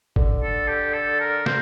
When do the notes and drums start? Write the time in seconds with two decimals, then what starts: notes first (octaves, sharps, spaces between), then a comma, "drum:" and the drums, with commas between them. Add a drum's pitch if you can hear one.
0.16 D3, drum: kick G1
0.42 A4
0.68 G4
0.93 A4
1.20 A#4
1.46 C5, drum: snare